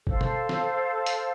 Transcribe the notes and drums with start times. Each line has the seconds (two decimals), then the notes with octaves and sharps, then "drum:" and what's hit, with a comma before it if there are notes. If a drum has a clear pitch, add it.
0.07 A4 C5 F5, drum: kick F#1
0.21 drum: tom B2
0.49 drum: snare
1.06 drum: hi-hat